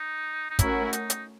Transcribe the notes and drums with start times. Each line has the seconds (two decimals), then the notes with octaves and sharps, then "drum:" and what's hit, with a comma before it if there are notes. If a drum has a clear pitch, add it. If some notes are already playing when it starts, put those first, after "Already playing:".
Already playing: D#4
0.50 D#4
0.59 A3 C#4 E4 F#4 A#4, drum: kick, hi-hat
0.85 E4
0.93 D#4, drum: hi-hat
1.10 drum: hi-hat